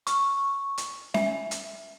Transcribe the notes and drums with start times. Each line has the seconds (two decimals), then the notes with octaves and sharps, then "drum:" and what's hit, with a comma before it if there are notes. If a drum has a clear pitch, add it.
0.07 C#6, drum: hi-hat
0.78 drum: hi-hat
1.14 E5, drum: snare C#4
1.51 drum: hi-hat